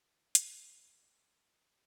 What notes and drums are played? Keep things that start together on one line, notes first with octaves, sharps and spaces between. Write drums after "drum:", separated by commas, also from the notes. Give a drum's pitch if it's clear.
D#3 E4
drum: hi-hat
C5
A3 D#4 D#5
C#5